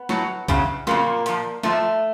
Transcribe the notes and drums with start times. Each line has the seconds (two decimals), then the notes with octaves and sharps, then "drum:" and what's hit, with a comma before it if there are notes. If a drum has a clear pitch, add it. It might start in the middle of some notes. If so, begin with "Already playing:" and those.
Already playing: B3
0.09 A2 F#3, drum: snare
0.48 E2 C#3 F#3, drum: kick, hi-hat
0.87 F2 A#2 C#3 F#3 A#3, drum: snare
1.26 A#2 F3, drum: hi-hat
1.63 G#2 F3 A3, drum: snare